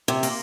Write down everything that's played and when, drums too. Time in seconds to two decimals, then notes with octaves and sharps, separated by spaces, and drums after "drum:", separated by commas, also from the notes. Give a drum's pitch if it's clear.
0.08 C3
0.23 A#3, drum: open hi-hat